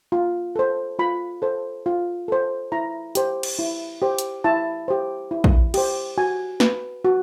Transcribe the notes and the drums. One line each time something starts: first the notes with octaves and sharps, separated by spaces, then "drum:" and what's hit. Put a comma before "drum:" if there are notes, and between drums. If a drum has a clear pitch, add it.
F4
A4 C5
F4 B5
A4 C5
F4
A4 C5
E4 A#5
G4 C5, drum: hi-hat
drum: cymbal
E4
G4 C5
drum: hi-hat
E4 A5
G4 C5
E4
drum: kick
G4 C5, drum: cymbal
F#4 G#5
B4, drum: snare
F#4